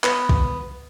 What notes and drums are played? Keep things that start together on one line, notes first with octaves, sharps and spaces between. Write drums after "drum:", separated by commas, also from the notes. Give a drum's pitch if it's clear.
B3, drum: clap
drum: kick